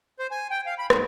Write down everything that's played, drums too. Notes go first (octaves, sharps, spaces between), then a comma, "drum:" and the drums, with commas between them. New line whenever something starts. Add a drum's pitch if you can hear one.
C5
G#5
G5
F5
B5
G#2, drum: rim click